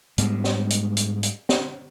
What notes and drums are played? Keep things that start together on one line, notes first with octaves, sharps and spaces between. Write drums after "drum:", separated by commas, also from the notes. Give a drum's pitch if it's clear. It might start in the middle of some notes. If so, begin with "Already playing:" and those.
G#2 G3 G#3 B3, drum: hi-hat
drum: snare
drum: hi-hat
drum: hi-hat
drum: hi-hat
drum: snare